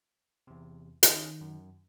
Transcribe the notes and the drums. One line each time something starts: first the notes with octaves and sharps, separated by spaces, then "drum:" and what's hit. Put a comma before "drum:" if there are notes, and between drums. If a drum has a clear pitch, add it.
E2 C3
D#3 C#4 D#5 F6, drum: hi-hat
F#2